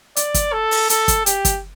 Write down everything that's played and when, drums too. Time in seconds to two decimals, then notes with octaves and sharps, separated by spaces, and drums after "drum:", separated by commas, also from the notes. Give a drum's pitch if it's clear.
0.16 D5, drum: hi-hat
0.34 drum: kick, hi-hat
0.53 A4
0.71 drum: open hi-hat
0.90 A4, drum: hi-hat
1.08 drum: kick, hi-hat
1.26 G4, drum: hi-hat
1.45 drum: kick, hi-hat